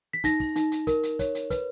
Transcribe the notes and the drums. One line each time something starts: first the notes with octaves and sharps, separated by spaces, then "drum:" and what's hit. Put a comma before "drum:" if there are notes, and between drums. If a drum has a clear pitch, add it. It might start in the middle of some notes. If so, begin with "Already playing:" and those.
B6
D#4 A#6, drum: kick, hi-hat
drum: kick, open hi-hat
D#4, drum: hi-hat
drum: hi-hat
A#4, drum: kick, hi-hat
drum: hi-hat
C#5, drum: kick, hi-hat
drum: hi-hat
B4, drum: kick, hi-hat